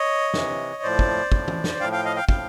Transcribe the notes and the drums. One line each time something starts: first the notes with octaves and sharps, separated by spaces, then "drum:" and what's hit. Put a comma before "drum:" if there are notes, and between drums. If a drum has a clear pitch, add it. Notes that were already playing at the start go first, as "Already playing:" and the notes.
Already playing: C#5 D#5
C3 E3, drum: snare
A2 F3 C5 D5
drum: kick
A2 F3, drum: kick
drum: tom E3
drum: snare
A2 F3 F5 G5
F5 G5
D#5 F5
F5 G5
A2 F3 F5 G5, drum: kick